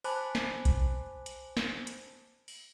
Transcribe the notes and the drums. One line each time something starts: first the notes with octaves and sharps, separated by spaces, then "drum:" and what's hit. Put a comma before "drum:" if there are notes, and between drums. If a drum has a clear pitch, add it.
C5 G#5 A5 B5 D6 F#6, drum: open hi-hat
drum: snare
drum: kick B1, hi-hat
drum: hi-hat
drum: snare
drum: hi-hat
drum: open hi-hat